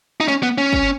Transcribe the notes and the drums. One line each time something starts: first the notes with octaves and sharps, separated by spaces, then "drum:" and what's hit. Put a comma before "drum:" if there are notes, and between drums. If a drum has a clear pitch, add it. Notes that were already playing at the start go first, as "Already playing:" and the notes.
D#4
C#4, drum: snare
B3
C#4
drum: kick